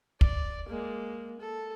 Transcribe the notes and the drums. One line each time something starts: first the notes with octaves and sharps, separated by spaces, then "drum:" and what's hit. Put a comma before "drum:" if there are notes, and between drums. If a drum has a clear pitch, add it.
D5, drum: kick
G#3 A#3
A4